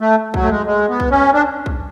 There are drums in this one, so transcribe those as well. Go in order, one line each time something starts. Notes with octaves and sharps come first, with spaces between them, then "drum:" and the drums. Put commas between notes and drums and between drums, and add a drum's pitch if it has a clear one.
A3
F#3, drum: kick B1
A3
G#3
G#3
B3
drum: kick B1
C#4
D4
drum: kick B1